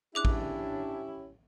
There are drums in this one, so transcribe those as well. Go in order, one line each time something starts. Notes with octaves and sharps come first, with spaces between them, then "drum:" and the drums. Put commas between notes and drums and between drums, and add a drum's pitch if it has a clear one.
C#4 D4 E4 G4 G#4 D6 F#6
drum: kick